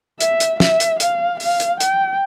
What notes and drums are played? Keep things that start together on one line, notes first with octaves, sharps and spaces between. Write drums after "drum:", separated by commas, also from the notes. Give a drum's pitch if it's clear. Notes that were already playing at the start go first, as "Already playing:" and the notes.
E5, drum: hi-hat
drum: hi-hat
E5, drum: snare
drum: hi-hat
F5, drum: hi-hat
F5, drum: open hi-hat
drum: hi-hat
G5, drum: hi-hat